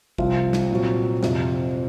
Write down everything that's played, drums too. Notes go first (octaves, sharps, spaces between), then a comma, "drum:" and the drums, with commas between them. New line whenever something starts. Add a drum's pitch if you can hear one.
C2 C3 F3 C4 F4, drum: kick
drum: snare
A#2 F#3 C4
F2 C3 F3, drum: snare